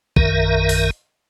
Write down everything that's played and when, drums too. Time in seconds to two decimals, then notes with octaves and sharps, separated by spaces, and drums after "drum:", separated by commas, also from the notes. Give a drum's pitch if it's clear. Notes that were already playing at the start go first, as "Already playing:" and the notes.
0.16 A#1 F#2 D#3 A#4 E5, drum: kick A#1
0.69 drum: open hi-hat